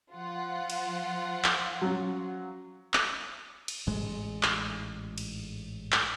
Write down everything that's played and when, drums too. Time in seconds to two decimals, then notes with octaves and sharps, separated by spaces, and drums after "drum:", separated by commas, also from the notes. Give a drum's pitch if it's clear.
0.12 F3 F4 F#5
0.70 drum: cymbal
1.44 drum: clap
1.82 F#3 C#4
2.94 drum: clap
3.68 drum: cymbal
3.87 A1 G#2 G#3
4.43 drum: clap
5.18 drum: cymbal
5.92 drum: clap